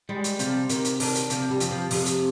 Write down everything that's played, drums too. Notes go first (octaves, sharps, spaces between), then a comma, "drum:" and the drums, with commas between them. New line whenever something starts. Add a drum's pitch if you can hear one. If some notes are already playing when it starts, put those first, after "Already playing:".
G3 G#3
drum: hi-hat
C3 F3, drum: hi-hat
C3 D#3, drum: hi-hat
drum: hi-hat
D#3 D4, drum: open hi-hat
drum: hi-hat
C3 F3, drum: hi-hat
G3
F2, drum: hi-hat
F3
F2 C3, drum: open hi-hat
drum: hi-hat